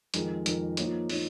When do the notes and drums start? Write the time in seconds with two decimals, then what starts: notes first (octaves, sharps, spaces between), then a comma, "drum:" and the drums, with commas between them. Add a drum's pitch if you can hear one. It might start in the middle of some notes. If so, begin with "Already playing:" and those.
0.14 F2 D#3 G#3 D#4 A#4, drum: hi-hat
0.46 F2 D#3 G#3 D#4 A#4, drum: hi-hat
0.77 F3 A#3 D#4 C#5, drum: hi-hat
1.10 F3 A#3 D#4 C#5, drum: open hi-hat